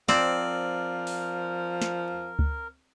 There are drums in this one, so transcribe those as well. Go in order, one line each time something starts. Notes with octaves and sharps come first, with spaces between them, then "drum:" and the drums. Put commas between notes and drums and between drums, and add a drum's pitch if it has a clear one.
F3 C4 A#4 D5, drum: snare
drum: open hi-hat
drum: snare
drum: kick C#2